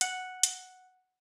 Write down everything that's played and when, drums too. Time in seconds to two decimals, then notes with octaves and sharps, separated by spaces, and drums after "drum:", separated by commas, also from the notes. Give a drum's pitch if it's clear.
0.01 F#5 F#6 C#7 F#7, drum: hi-hat
0.43 drum: hi-hat